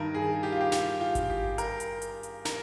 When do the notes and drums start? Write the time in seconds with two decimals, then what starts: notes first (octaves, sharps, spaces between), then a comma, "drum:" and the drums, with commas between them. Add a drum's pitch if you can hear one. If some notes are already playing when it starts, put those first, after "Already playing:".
Already playing: G2 D#3 A#4
0.14 G#4
0.43 G4
0.52 F4
0.61 G4
0.72 G4, drum: snare
1.01 F4
1.15 drum: kick G#1, hi-hat
1.30 G4
1.58 A#4, drum: hi-hat
1.80 drum: hi-hat
2.02 drum: hi-hat
2.23 drum: hi-hat
2.45 A#4, drum: snare